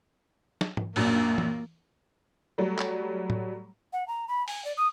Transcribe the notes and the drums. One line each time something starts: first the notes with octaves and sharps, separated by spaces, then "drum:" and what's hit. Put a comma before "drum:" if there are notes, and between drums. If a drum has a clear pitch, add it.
drum: snare
drum: tom G#2
A#1 F#2 A#3 D4, drum: open hi-hat
drum: tom E3
F#3 G3 A3
drum: clap
drum: tom A2
F#5
A#5
B5
G#5, drum: open hi-hat
D5
D#6